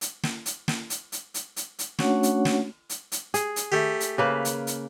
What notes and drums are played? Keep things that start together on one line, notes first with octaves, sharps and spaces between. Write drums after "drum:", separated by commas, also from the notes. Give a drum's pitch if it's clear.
drum: hi-hat
drum: snare
drum: hi-hat
drum: snare
drum: hi-hat
drum: hi-hat
drum: hi-hat
drum: hi-hat
drum: hi-hat
A3 C#4 D4 F#4 C#5 F#5, drum: snare
drum: hi-hat
drum: snare
drum: hi-hat
drum: hi-hat
G#4, drum: hi-hat
drum: hi-hat
A3 G4
drum: hi-hat
C#3 A#3 B4
drum: hi-hat
drum: hi-hat